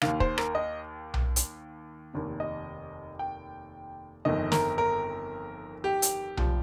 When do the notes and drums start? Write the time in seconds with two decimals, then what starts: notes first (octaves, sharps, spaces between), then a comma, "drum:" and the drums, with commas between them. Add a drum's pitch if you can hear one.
0.02 D#2 D#3 F5, drum: rim click
0.20 C5, drum: kick
0.38 A#4, drum: rim click
0.55 D#5
1.14 drum: tom B1
1.36 drum: hi-hat
2.14 F1 D#2 D#3
2.40 D#5
3.19 G5
4.25 G1 F2 D#3 D#5
4.52 A#4, drum: snare
4.78 A#4
5.84 G4
6.02 drum: hi-hat
6.37 F1 F3, drum: tom B1